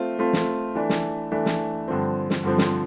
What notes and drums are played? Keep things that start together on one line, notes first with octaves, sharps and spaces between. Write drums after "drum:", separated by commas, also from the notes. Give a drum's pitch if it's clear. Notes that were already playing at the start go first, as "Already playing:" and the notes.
Already playing: A3 C4 F4
A3 C4 F4
drum: snare
E3 A3 D4
drum: snare
E3 A3 D4
drum: snare
G2 D3 F3 C4
drum: snare
G2 D3 F3 C4
drum: snare